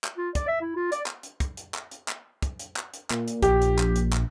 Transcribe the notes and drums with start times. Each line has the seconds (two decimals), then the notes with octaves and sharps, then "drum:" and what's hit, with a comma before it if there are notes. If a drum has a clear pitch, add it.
0.04 drum: clap
0.17 F4
0.35 D5, drum: kick, hi-hat
0.48 E5
0.61 E4
0.76 F4
0.92 D5, drum: hi-hat
1.06 drum: clap
1.23 drum: hi-hat
1.40 drum: kick, hi-hat
1.57 drum: hi-hat
1.74 drum: clap
1.91 drum: hi-hat
2.08 drum: clap
2.42 drum: kick, hi-hat
2.60 drum: hi-hat
2.77 drum: clap
2.94 drum: hi-hat
3.11 A#2, drum: clap
3.28 drum: hi-hat
3.42 A#1 G4, drum: kick, hi-hat
3.62 drum: hi-hat
3.79 drum: clap
3.96 drum: hi-hat
4.13 drum: clap